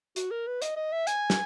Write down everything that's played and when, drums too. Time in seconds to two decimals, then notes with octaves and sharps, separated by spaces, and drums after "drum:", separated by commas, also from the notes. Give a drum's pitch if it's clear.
0.16 F#4, drum: hi-hat
0.31 A#4
0.47 B4
0.62 D#5, drum: hi-hat
0.76 D#5
0.92 E5
1.07 G#5, drum: hi-hat
1.30 drum: snare